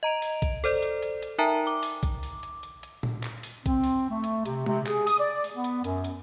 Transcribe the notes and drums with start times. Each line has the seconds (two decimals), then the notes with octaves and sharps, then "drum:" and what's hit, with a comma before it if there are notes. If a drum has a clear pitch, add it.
0.03 D#5 A#5 D7 F7
0.22 drum: open hi-hat
0.42 drum: kick A#1, hi-hat
0.64 A4 C5 D5, drum: open hi-hat
0.82 drum: hi-hat
1.02 drum: hi-hat
1.22 drum: hi-hat
1.38 D#4 A#4 E5 G5 A5 A#5
1.67 D6
1.83 drum: open hi-hat
2.03 drum: kick A#1, hi-hat
2.23 drum: open hi-hat
2.43 drum: hi-hat
2.63 drum: hi-hat
2.83 drum: hi-hat
3.03 drum: tom A#2
3.23 drum: clap
3.43 drum: open hi-hat
3.66 C4, drum: kick A#1, hi-hat
3.84 drum: open hi-hat
4.10 A3
4.24 drum: hi-hat
4.45 C3, drum: hi-hat
4.66 C3, drum: tom
4.86 G#4, drum: clap
5.07 D#6, drum: open hi-hat
5.19 D5
5.44 drum: open hi-hat
5.54 B3
5.64 drum: hi-hat
5.84 F#2, drum: hi-hat
6.04 drum: hi-hat